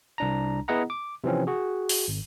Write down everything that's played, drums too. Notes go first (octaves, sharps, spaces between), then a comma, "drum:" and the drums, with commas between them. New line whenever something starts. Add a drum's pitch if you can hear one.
C2 D4 A#5
B3 E4 G#4 D#5 F#5 A#5
D6
C3 E3 F3 C4 C#4
F#4 G#4
drum: open hi-hat
G#1